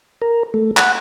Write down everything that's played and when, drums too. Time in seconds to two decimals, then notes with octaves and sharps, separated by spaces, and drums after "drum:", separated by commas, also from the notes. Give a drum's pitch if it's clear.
0.22 A#4
0.54 A3
0.77 F#5, drum: clap